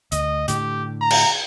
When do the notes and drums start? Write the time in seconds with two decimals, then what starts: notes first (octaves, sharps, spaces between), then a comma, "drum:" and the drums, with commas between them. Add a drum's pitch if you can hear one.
0.12 D2 D#5, drum: hi-hat
0.48 A2 D3 G4, drum: hi-hat
1.01 A#5
1.10 drum: cymbal